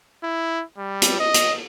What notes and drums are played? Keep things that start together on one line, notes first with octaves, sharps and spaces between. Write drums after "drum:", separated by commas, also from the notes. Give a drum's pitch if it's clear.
E4
G3
drum: hi-hat
D#5
drum: hi-hat